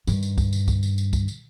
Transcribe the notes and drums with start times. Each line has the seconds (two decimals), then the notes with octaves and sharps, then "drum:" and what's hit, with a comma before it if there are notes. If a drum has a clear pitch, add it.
0.07 G2 D#3, drum: tambourine
0.23 drum: tambourine
0.38 drum: kick, tambourine
0.53 drum: tambourine
0.68 drum: kick, tambourine
0.83 drum: tambourine
0.98 drum: tambourine
1.13 drum: kick, tambourine
1.28 drum: tambourine